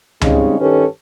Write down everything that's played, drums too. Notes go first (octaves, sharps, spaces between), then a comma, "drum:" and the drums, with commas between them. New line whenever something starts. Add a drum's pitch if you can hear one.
C#3 G3 G#3 C4 C#4 D#4, drum: tom C#2
G2 D#3 C#4 G4 A4 B4